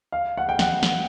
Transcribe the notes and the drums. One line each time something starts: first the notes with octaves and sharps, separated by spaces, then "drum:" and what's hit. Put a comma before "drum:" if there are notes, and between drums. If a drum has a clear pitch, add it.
F5
F#5
G5
F#5, drum: snare
drum: snare